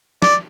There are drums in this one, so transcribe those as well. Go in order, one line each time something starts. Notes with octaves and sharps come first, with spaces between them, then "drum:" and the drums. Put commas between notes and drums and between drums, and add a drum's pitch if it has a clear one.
D5, drum: snare